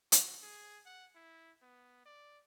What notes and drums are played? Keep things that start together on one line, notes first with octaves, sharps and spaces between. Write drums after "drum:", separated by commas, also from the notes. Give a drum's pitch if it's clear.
F#4, drum: hi-hat
G#4
F#5
E4
B3
D5